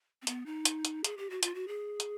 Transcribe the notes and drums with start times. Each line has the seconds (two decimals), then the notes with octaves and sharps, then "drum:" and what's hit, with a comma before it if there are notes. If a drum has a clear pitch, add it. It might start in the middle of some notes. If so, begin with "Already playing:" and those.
0.22 C4
0.27 B3, drum: hi-hat
0.46 D#4
0.65 drum: hi-hat
0.85 drum: hi-hat
1.04 G#4, drum: hi-hat
1.18 G4
1.30 F#4
1.43 F4, drum: hi-hat
1.55 F#4
1.68 G#4
2.00 drum: hi-hat